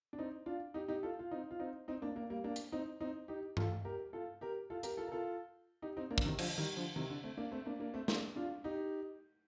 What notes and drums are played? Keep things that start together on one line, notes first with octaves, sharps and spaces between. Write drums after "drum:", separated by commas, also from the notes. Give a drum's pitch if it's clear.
D4
C4 D#4
D4 F4
D#4 G4
D#4 G4
F4 A4
F4
C4 D#4
F4
C4 D#4
C4 D#4
A#3 D4
A#3 D4
G3 A#3
A#3 D4
drum: hi-hat
C4 D#4
C4 D#4
D#4 G4
F4 A4, drum: tom G2
G4 A#4
F4 A4
G4 A#4
F4 A4
G4 A#4, drum: hi-hat
F4 A4
A#4
F4 A4
D#4 G4
C4 D#4
A#3 D4
D3, drum: kick
C3 D#3
D3 F3, drum: cymbal
D#3 G3
D3 F3
C3 D#3
D3
A3 C4
A#3 D4
A3 C4
A#3 D4
A#3 D4
A3 C4
A#3 D4, drum: snare
D4 F4
D#4 G4